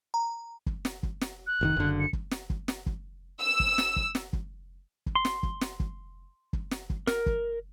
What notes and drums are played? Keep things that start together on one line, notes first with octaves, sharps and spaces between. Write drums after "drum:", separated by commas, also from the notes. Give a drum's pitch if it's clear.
A#5
drum: kick
drum: snare
drum: kick
drum: snare
F#6
F1 G#2 D#3
F#1 D3
C#7
drum: kick
drum: snare
drum: kick
drum: snare
drum: kick
E6
drum: kick
drum: snare
drum: kick
drum: snare
drum: kick
drum: kick
C6
drum: snare
drum: kick
drum: snare
drum: kick
drum: kick
drum: snare
drum: kick
A#4, drum: snare
drum: kick